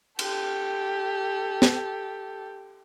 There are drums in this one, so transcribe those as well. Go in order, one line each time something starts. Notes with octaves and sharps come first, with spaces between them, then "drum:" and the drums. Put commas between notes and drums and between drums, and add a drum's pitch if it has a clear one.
G4 A4, drum: cymbal
drum: snare